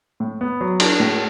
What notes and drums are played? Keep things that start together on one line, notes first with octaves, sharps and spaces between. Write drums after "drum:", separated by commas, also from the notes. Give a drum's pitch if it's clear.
A2
B3
F#3
D4, drum: cymbal
A2